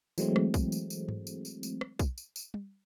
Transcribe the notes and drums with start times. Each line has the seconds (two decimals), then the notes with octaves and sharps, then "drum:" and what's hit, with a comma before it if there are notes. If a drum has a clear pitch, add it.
0.18 E3 F#3 G#3 A3 C4, drum: tambourine
0.36 drum: rim click
0.54 drum: kick B1, tambourine
0.72 drum: tambourine
0.90 drum: tambourine
1.09 drum: tom G#2
1.27 drum: tambourine
1.45 drum: tambourine
1.63 drum: tambourine
1.81 drum: rim click
1.99 drum: kick B1, tambourine
2.18 drum: tambourine
2.36 drum: tambourine
2.54 drum: tom